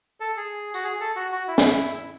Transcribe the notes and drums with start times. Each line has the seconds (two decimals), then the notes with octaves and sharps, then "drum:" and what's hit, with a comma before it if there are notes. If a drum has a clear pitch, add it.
0.20 A4
0.37 G#4
0.74 F#4, drum: tambourine
0.84 G#4
1.00 A4
1.16 F#4
1.32 F#4
1.48 E4
1.58 drum: snare